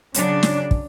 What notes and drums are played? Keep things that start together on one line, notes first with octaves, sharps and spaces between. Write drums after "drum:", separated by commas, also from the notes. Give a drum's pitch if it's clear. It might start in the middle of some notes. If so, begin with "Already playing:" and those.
C#3 F#3 D4, drum: hi-hat
drum: snare
drum: kick